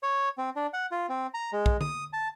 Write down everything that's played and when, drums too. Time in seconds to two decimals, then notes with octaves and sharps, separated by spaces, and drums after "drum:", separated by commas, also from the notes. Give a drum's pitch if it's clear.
0.03 C#5
0.38 C4
0.56 D4
0.73 F#5
0.91 F4
1.09 C4
1.34 A#5
1.53 G#3
1.66 drum: kick
1.81 D#6, drum: tom D3
2.13 A5